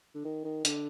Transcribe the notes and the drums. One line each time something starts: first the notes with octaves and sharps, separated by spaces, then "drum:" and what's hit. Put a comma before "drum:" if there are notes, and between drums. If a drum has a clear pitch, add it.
D3
D#3
D#3
D3, drum: hi-hat